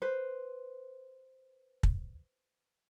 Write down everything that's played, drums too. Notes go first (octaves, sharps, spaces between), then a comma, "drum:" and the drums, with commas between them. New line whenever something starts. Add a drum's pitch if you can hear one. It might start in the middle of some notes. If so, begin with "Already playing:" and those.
B4 C5
drum: kick